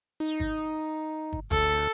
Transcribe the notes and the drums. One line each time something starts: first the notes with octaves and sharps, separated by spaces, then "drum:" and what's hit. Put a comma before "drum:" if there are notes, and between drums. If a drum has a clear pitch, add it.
D#4
drum: kick
drum: kick
D2 A4, drum: kick